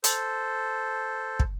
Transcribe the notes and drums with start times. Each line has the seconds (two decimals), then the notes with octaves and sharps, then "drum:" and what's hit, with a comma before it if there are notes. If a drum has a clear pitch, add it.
0.04 A4 C5, drum: hi-hat
1.40 drum: kick